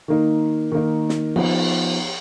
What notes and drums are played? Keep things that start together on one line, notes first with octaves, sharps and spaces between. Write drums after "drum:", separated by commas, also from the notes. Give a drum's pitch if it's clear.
D#3 A#3 D#4
D#3 A#3 D#4
drum: snare
F3 B3 D#4, drum: cymbal